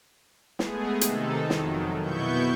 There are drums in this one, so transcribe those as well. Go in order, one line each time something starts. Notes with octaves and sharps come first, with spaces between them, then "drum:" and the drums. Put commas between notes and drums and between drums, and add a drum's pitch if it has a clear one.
G#3 A3 B3 G#4, drum: snare
C3 D#3 D#4 A4, drum: hi-hat
F2 D#3 F#3, drum: snare
B2 B3 E4 C#6 G6